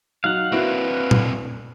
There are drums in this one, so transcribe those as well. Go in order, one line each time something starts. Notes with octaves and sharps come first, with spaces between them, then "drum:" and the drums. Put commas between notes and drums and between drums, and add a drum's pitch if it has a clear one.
F#3 D#4 F5 F#5
A#3 C4 D4 E4 F#4 B4
drum: tom A#2